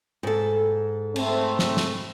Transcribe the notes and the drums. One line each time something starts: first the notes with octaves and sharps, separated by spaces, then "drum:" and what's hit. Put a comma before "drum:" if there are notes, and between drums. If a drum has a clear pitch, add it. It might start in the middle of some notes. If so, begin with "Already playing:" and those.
G#2 A4
A3 C4, drum: cymbal
drum: snare
drum: snare